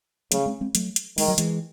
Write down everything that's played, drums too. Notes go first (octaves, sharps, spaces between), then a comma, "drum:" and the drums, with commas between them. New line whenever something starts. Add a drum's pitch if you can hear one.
C#3 F#3 A3, drum: hi-hat
G#3 C4
G#3 C4
F#3 A3, drum: hi-hat
drum: hi-hat
D#3 G#3, drum: open hi-hat
F#3
E3 G#3, drum: hi-hat